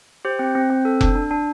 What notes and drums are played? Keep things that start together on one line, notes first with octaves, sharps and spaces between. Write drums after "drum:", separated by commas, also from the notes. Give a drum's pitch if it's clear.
G4 C5
C4
C4
C4
A4
D4, drum: kick F1
D4
D4